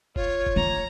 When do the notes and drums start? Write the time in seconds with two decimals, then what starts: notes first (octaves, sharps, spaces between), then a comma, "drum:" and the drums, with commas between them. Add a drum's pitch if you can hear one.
0.16 F4 C#5, drum: kick
0.47 drum: kick
0.56 A#3 A#5